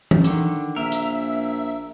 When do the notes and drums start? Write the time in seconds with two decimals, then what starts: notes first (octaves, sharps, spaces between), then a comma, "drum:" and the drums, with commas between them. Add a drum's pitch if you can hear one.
0.11 drum: tom
0.24 D3 D#3, drum: hi-hat
0.76 A#1 A#4 E5
0.92 drum: hi-hat